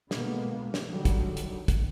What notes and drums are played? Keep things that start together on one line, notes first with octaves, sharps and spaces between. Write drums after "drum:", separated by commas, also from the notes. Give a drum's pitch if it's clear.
B2 D3 G#3 A#3 B3, drum: snare
drum: snare
D3 D#3 F#3 G3
drum: kick, hi-hat
drum: hi-hat
drum: kick, hi-hat